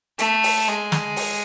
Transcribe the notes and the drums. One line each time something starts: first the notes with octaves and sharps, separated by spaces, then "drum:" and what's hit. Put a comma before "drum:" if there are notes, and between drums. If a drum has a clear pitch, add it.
A3, drum: hi-hat
drum: open hi-hat
G#3
drum: snare
drum: open hi-hat